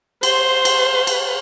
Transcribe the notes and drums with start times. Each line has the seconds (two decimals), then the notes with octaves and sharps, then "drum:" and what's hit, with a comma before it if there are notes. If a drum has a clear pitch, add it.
0.23 C5 C6, drum: cymbal
0.65 drum: cymbal
1.07 drum: cymbal